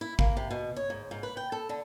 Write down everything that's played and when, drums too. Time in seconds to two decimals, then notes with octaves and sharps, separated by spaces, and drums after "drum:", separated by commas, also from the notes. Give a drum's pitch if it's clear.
0.01 E4
0.19 A#3, drum: kick G#1
0.37 C3
0.51 B2
0.76 C#5
0.90 G#2
1.11 G#2
1.23 B4
1.37 G5
1.52 A4
1.69 D3